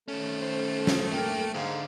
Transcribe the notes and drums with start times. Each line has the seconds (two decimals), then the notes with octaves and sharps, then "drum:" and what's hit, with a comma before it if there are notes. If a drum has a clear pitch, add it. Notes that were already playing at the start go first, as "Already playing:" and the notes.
0.08 D#3 A3 C#4
0.39 C5
0.87 drum: snare
1.12 A#3 G5
1.54 D2 G#2 D3 F5